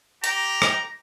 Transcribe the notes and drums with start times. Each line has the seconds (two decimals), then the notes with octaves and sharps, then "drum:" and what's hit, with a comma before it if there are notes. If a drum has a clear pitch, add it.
0.24 G4 A#5, drum: hi-hat
0.62 drum: rim click